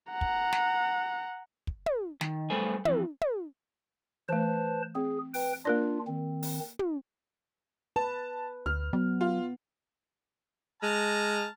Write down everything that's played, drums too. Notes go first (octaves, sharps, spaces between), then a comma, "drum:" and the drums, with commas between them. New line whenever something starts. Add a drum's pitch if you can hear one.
F#5 A#5
drum: kick
drum: snare
drum: kick
drum: tom
D#3, drum: snare
G3 A3 A4 B4 C5 G#5
F2 E3, drum: tom
drum: tom
E3 A3 B4 C5 A5
C4 G#4
B4 G5, drum: open hi-hat
A#3 D4 F4 A#4 D5
D#3 C4
drum: open hi-hat
drum: tom
B4 A5
D2 F6
F#3 B3
F4
G#3 A5 A#5 F6